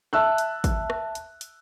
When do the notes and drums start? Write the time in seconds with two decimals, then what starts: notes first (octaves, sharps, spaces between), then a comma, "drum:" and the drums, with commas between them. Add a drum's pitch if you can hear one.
0.13 E5 A5 E6 F#6
0.38 drum: hi-hat
0.64 drum: kick, hi-hat
0.90 drum: rim click
1.15 drum: hi-hat
1.41 drum: hi-hat